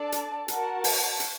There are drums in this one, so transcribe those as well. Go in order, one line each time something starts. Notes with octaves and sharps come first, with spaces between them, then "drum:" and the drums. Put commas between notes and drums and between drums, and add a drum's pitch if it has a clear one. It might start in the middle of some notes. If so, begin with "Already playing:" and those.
Already playing: D4 A4 D5 A5
drum: hi-hat
F#4 A#4 F#5 A5, drum: hi-hat
drum: open hi-hat
drum: hi-hat